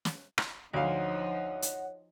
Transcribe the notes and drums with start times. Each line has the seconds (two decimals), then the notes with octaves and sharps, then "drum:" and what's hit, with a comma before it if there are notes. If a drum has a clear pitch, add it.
0.05 drum: snare
0.38 drum: rim click
0.73 D2 F3 D#4 C#5 F5 F#5
1.62 drum: hi-hat